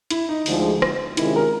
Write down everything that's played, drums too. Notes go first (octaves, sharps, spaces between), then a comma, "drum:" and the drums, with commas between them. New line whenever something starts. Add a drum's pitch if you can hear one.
E4, drum: hi-hat
D#4
D2 D3 F3 G#3, drum: open hi-hat
drum: rim click
C3 D#3 G#3 C#4 E4 F4, drum: hi-hat
A#4